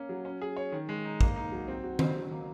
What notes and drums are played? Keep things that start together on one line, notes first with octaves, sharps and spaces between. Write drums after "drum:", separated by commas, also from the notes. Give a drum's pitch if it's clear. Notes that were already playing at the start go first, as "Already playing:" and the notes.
Already playing: A#3 C#4
F#3
C#4
G#4
C#5
D#3
G#3
D#4
A#3, drum: kick
D#4
F#3
C4
F#4
C5, drum: tom D#3
F#3
A#3